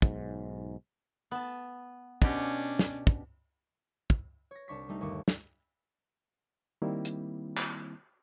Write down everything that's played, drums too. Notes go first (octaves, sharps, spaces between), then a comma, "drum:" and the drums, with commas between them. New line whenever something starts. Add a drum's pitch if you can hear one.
B1 G#2, drum: kick
B3 A5
B2 C#4 D4 G4, drum: kick
drum: snare
drum: kick
drum: kick
C#5 A#6
C2 D4 C#6 B6
G3 A3 D#4
G1 D#2 C#6 D6
drum: snare
D#3 G3 A#3 C4 E4
drum: hi-hat
drum: clap